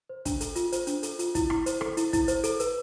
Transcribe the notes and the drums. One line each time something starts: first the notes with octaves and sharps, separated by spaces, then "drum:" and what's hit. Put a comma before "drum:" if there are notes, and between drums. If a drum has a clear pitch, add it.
C5
D4, drum: kick, hi-hat
A4, drum: hi-hat
F4, drum: hi-hat
C5, drum: hi-hat
D4, drum: hi-hat
A4, drum: hi-hat
F4, drum: hi-hat
E4, drum: kick, hi-hat
E4, drum: rim click
C5, drum: hi-hat
A4, drum: rim click
E4, drum: hi-hat
E4, drum: kick, hi-hat
C5, drum: hi-hat
A4, drum: hi-hat
B4, drum: hi-hat